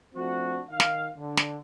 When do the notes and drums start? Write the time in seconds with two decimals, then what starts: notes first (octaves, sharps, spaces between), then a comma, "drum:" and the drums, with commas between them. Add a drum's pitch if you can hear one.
0.15 F3 A3 C4 D4 F#4
0.70 D#3 F5
0.80 drum: snare
1.16 D3
1.37 drum: snare